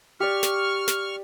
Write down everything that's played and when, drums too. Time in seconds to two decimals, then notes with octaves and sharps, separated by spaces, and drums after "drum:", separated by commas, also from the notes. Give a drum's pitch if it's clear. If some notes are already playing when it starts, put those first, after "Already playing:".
0.20 G4 D5 C#6 F6
0.43 drum: snare
0.88 drum: snare